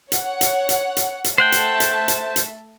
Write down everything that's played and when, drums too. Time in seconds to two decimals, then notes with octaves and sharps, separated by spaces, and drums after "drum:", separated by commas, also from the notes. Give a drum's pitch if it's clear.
0.12 C#5 F#5, drum: hi-hat
0.41 drum: hi-hat
0.69 drum: hi-hat
0.97 drum: hi-hat
1.24 drum: hi-hat
1.38 A3 C5 E5 F#5 G5 A5
1.52 drum: hi-hat
1.80 drum: hi-hat
2.08 drum: hi-hat
2.36 drum: hi-hat